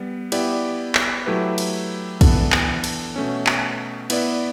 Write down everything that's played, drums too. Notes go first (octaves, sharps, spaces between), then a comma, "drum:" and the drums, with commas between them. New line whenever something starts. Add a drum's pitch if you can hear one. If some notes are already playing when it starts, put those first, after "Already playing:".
Already playing: G3 B3
B3 E4 G4 D5, drum: cymbal
drum: clap
F#3 A3 E4 G4 B4
drum: cymbal
E3 B3 D4 A4, drum: kick, cymbal
drum: clap
drum: cymbal
B2 A3 C#4
drum: clap
B3 E4 B4 D5, drum: cymbal